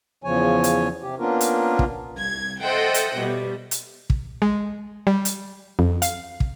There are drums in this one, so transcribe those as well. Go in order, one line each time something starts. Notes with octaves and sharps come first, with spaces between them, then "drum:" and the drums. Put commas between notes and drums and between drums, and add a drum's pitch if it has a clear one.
E2 C#3 F3 C#5 G#5
drum: hi-hat
C3 G4
A#3 B3 C#4 D4 F4 A#4
drum: hi-hat
drum: kick
C2 G#6
A4 C5 D#5 E5 F#5 G5
drum: hi-hat
B2 G3
drum: hi-hat
drum: kick
G#3
G3
drum: hi-hat
F2
F5, drum: hi-hat
drum: kick